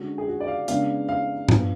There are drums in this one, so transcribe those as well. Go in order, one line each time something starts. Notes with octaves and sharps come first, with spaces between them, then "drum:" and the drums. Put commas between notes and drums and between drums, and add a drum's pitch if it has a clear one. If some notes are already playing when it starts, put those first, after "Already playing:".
Already playing: D3 G#3 C#4 F#4
G#4
F#4
D5
F5
C#3 G#3 B3 D4 F5, drum: hi-hat
F5
F3 B3 D4, drum: tom G2